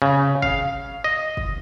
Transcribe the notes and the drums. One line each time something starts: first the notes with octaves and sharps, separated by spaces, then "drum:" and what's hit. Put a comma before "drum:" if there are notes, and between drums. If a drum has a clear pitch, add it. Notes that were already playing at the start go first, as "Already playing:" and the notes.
C#3
F5, drum: kick
D#5
drum: kick